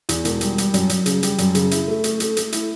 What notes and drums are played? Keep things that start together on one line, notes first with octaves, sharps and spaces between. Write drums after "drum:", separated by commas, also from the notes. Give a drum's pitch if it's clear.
E2, drum: hi-hat
E1, drum: hi-hat
G3, drum: hi-hat
G3, drum: hi-hat
F#2, drum: hi-hat
F#2, drum: hi-hat
C#3, drum: hi-hat
G3, drum: hi-hat
F#2, drum: hi-hat
C#3, drum: hi-hat
E4, drum: hi-hat
A3
A3, drum: hi-hat
A3, drum: hi-hat
A3, drum: hi-hat
E4, drum: hi-hat